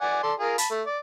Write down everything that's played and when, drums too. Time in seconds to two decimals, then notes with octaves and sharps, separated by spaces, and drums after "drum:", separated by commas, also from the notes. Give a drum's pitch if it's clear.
0.01 D5 F#5 G#5
0.23 A4 D5 C6
0.39 F4 G#4 A#4
0.58 A5 B5, drum: hi-hat
0.70 A3
0.86 D5